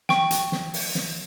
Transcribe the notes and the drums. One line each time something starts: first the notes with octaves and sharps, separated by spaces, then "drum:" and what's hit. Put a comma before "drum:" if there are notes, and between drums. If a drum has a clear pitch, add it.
G5 C#6, drum: snare
drum: hi-hat
drum: snare
drum: open hi-hat
drum: snare